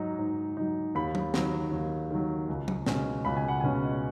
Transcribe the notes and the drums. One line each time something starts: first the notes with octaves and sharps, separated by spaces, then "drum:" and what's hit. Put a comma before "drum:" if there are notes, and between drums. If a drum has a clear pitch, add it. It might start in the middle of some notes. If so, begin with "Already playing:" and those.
Already playing: G#2 F#3 D#4
G#2
F#3 D#4
D#2 B5
drum: tom
D#3 F#3, drum: snare
D#2
D#3 F#3
C#2
drum: tom
B2 G#3 C#4, drum: snare
C#2 B5
G#5
F#5
B2 G#3 C#4 G#5